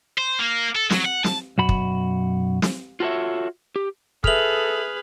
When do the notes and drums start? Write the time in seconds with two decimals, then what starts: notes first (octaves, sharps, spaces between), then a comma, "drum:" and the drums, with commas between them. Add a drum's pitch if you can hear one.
0.18 C5
0.39 A#3
0.75 A4
0.90 F#3, drum: snare
1.06 F#5
1.24 A5, drum: snare
1.58 B1 F#2 F#4 B5
1.69 drum: kick
2.62 drum: snare
3.00 F4 F#4 A4 B4 C#5 E5
3.76 G4
4.24 G#4 A4 B4 E5 D#6 F6 F7 F#7, drum: kick